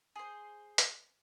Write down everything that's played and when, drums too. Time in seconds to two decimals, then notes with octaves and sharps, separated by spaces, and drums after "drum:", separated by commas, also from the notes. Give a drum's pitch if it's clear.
0.16 G#4 C5
0.78 drum: hi-hat